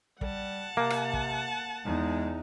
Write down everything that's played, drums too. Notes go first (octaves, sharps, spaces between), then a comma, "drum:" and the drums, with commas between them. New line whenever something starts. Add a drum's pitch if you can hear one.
G3 F#5 A5, drum: kick
C3 A#3
drum: rim click
drum: kick
E2 G#3 D#4